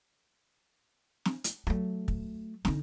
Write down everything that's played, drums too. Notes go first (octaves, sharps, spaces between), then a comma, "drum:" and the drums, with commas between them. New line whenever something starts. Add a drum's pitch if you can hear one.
drum: snare
drum: hi-hat
F#3 A3, drum: rim click
drum: kick
D3 D#4, drum: snare